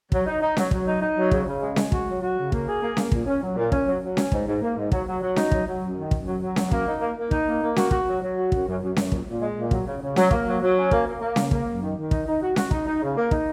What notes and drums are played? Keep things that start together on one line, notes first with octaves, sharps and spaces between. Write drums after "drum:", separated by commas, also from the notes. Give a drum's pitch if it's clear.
F#3, drum: kick
D#4
D#4
F#3, drum: snare C#4
F#3, drum: kick
D#4
D#4
F#3
C#3, drum: kick
C#3
G#3
G#3, drum: snare C#4
F#4, drum: kick
F#3
F#4
C#3
A#3, drum: kick
G#4
A#3
A#3, drum: snare C#4
A#2, drum: kick
C#4
F#3
A#2
C#4, drum: kick
F#3
F#3
C#4, drum: snare C#4
G#2, drum: kick
G#2
A#3
G#2
F#3, drum: kick
F#3
F#3
D#4, drum: snare C#4
F#3, drum: kick
F#3
F#2
D#3
F#2, drum: kick
F#3
F#3
F#2, drum: snare C#4
A#3, drum: kick
D#4
A#3
A#3
D#4, drum: kick
A#3
A#3
F#4, drum: snare C#4
F#4, drum: kick
F#3
F#3
F#4
F#2, drum: kick
F#2
F#2
F#2, drum: snare C#4
A#2, drum: kick
A#2
G#3
A#2
F#3, drum: kick
C#3
C#3
F#3, drum: snare C#4
A#3, drum: kick
F#3
F#3
C#4
A#3, drum: kick
A#3
A#3
C#3, drum: snare C#4
A#3, drum: kick
F#2
D#3
D#3
D#4, drum: kick
D#4
F#4
F#4, drum: snare C#4
D#4, drum: kick
D#4
C#3
A#3
D#4, drum: kick